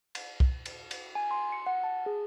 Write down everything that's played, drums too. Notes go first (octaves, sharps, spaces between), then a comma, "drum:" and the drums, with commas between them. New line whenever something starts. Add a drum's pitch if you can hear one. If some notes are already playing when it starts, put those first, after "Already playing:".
drum: cymbal
drum: kick C2
drum: cymbal
drum: cymbal
G#5
C6
C#7
F#5
A5
G#4